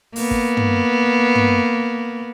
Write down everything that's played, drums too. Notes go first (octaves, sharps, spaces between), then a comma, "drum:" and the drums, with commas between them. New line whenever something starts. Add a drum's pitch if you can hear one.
A#3 B3, drum: open hi-hat
drum: kick
drum: tom
drum: tom